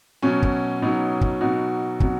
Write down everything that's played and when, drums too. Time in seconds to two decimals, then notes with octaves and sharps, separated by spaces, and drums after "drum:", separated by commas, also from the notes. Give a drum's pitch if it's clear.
0.22 B2 F#3 C#4
0.43 drum: kick
0.82 B2 F#3 D#4
1.21 drum: kick
1.41 B2 F#3 D#4 F#4
2.00 B2 F#3, drum: kick